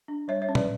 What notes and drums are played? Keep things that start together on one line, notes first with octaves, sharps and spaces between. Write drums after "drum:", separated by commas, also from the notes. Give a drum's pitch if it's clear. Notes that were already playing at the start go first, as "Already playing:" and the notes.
D4
G3 C#5 E5
C#5 E5
C#4
B4 D5, drum: tom